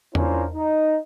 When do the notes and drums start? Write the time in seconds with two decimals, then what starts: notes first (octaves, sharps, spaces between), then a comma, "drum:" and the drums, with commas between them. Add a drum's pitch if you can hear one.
0.15 C#4 D4 E4 F4 A#4 C5, drum: tom E2
0.55 D#4